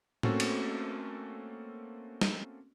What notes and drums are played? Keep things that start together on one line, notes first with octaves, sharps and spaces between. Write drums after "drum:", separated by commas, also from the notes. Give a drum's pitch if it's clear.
A3 A#3 C4 C#4 F#4 A4, drum: tom A2
drum: cymbal
drum: snare